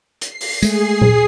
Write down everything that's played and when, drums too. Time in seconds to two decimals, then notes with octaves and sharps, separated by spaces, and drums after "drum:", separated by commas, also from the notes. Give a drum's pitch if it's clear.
0.21 C7, drum: hi-hat
0.41 drum: open hi-hat
0.63 G#3 A3 G#4 C7, drum: tambourine
1.01 drum: tom A#2